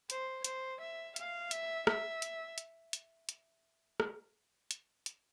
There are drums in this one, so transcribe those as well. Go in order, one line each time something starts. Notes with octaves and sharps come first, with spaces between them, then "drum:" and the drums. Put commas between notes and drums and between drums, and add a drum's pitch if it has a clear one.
C5, drum: hi-hat
C5, drum: hi-hat
E5
F5, drum: hi-hat
E5, drum: hi-hat
E5, drum: rim click
drum: hi-hat
drum: hi-hat
drum: hi-hat
drum: hi-hat
drum: rim click
drum: hi-hat
drum: hi-hat